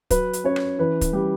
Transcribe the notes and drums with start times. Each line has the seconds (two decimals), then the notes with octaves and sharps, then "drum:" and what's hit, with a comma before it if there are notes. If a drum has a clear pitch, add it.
0.11 F#3 B4, drum: kick, hi-hat
0.33 drum: hi-hat
0.44 C#4 C#5
0.56 drum: rim click
0.79 E3 B4
1.01 drum: kick, hi-hat
1.13 G3 G4